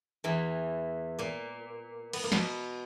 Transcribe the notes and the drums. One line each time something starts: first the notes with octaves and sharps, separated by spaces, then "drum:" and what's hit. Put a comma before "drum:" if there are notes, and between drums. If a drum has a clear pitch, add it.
E2 E3
A#2 A#3
B3, drum: cymbal
A#3
B2 B3, drum: snare